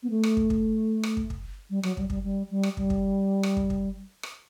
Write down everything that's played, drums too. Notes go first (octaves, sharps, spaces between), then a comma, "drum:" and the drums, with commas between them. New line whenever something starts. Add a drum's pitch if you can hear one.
B3
A3
drum: rim click
drum: kick
drum: kick
drum: rim click
drum: kick
drum: kick
G3
F#3, drum: rim click
G3, drum: kick
G3, drum: kick
G3
G3
drum: rim click
G3, drum: kick
drum: kick
drum: rim click
drum: kick
drum: kick
drum: rim click